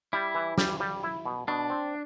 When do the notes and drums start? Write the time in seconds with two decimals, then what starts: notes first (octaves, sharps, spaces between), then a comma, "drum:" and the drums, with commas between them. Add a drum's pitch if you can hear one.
0.13 G3 E4
0.35 E3
0.58 G3, drum: snare
0.80 G3
1.03 E4
1.25 B2
1.48 B2 D4
1.70 C4